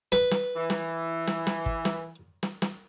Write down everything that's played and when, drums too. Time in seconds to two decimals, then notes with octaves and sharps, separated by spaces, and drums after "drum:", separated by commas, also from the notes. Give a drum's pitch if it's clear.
0.12 B4, drum: snare
0.31 drum: snare
0.56 E3
0.70 drum: snare
1.27 drum: snare
1.47 drum: snare
1.66 drum: kick
1.85 drum: snare
2.43 drum: snare
2.62 drum: snare